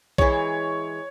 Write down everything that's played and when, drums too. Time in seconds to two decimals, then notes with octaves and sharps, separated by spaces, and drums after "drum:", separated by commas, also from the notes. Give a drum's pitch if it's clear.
0.18 E3 G#3 E4 G#4 C#5, drum: kick A#1